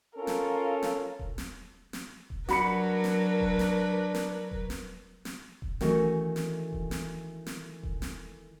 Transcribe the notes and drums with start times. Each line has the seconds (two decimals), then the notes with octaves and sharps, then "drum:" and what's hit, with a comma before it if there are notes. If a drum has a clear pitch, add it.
0.16 C#4 F4 A4 A#4
0.27 drum: snare
0.83 drum: snare
1.19 drum: kick D#1
1.38 drum: snare
1.93 drum: snare
2.30 drum: kick D#1
2.49 F#3 D4 F#4 A#4 B4 B5 C#7, drum: snare
3.04 drum: snare
3.41 drum: kick D#1
3.59 drum: snare
4.15 drum: snare
4.51 drum: kick D#1
4.70 drum: snare
5.25 drum: snare
5.62 drum: kick D#1
5.81 D#3 E3 A3 C#4 F#4 A4, drum: snare
6.36 drum: snare
6.73 drum: kick D#1
6.91 drum: snare
7.47 drum: snare
7.83 drum: kick D#1
8.02 drum: snare